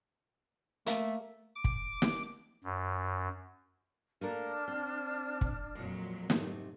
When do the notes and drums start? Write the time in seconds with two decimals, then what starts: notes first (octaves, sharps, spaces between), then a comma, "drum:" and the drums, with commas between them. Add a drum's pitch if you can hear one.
0.87 A3 A#3, drum: hi-hat
1.55 D6
1.64 drum: kick
2.02 drum: snare
2.63 F#2
4.21 A3 A#3 D4 A#4 F6
4.68 C4
5.41 drum: kick
5.75 F2 A#2 F#3 G#3
6.30 G#2 C3 A3, drum: snare